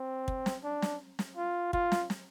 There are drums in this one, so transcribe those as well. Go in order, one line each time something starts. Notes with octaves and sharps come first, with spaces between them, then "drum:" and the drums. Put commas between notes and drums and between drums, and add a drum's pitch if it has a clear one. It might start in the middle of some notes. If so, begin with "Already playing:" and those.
Already playing: C4
drum: kick
drum: snare
D4
drum: snare
drum: snare
F4
F4, drum: kick
drum: snare
drum: snare